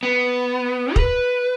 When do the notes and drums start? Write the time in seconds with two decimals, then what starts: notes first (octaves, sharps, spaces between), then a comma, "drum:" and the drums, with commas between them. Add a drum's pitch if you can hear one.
0.03 B3
0.96 B4, drum: kick